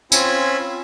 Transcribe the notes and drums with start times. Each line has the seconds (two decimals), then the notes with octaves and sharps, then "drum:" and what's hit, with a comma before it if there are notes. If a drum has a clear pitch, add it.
0.12 C4 C#4 F4 G#5 B5 E6, drum: tambourine